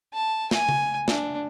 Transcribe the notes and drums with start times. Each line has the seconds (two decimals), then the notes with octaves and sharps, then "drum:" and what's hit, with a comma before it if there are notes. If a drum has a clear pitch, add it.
0.13 A5
0.51 G#5, drum: snare
0.69 drum: tom C#3
1.08 D4, drum: snare